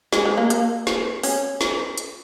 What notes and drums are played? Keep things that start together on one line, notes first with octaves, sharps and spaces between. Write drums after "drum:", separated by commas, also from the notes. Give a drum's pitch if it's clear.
G#3, drum: snare
G#3
A#3
A#3, drum: hi-hat
drum: snare
C#4, drum: open hi-hat
drum: snare
drum: hi-hat